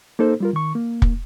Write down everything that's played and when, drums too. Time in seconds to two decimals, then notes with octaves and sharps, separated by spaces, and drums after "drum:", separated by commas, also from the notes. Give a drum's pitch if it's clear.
0.19 A#3 D#4 A4 C5
0.40 G3 F4 A#4
0.53 D#3 C#6
0.75 A#3
1.02 drum: kick